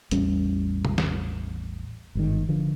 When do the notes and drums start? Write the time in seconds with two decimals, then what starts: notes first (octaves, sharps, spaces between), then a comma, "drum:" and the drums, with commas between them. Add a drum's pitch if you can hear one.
0.11 A1 E2 G3 C#4, drum: hi-hat
0.85 drum: tom
0.98 drum: snare
2.15 G1 G#2 D#3
2.49 D3 F3